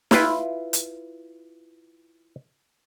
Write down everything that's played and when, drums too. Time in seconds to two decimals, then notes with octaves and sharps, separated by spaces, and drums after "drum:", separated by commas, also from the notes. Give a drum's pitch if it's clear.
0.11 E4 F4 B4, drum: snare
0.73 drum: hi-hat